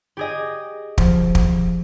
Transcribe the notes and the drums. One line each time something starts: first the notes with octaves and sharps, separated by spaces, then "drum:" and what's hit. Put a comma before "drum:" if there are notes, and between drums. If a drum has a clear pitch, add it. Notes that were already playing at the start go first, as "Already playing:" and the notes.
G4 G#4 D#5
F3, drum: kick
drum: kick